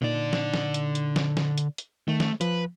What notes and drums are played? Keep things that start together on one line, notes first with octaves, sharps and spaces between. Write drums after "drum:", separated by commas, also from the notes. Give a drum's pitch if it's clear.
A#2 D3 D#4 D5
drum: snare
drum: snare
drum: hi-hat
drum: hi-hat
drum: snare
drum: snare
drum: hi-hat
drum: hi-hat
D#3 A3
drum: snare
F3 B4, drum: hi-hat